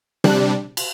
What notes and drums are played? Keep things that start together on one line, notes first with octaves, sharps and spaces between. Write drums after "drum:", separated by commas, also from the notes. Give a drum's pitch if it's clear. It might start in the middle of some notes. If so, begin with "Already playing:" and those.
C3 G3 D4 F#6, drum: tom
drum: cymbal